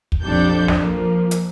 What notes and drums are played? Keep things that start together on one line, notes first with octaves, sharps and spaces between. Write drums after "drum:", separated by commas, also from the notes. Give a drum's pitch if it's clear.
drum: kick
A#1 F2 D4 G4 A4 G6
drum: snare
F3 A#3
drum: hi-hat